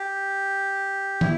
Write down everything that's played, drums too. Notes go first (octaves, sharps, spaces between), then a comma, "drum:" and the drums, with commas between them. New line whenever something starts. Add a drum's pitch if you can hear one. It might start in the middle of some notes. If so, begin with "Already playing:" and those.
Already playing: G4
E4, drum: tom